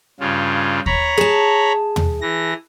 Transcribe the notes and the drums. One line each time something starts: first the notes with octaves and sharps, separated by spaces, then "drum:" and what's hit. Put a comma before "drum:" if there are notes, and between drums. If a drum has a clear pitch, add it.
G2 C#3 F4
C#5 A#5 B5, drum: kick D#2
G#4 A5
drum: tom
E3 A#6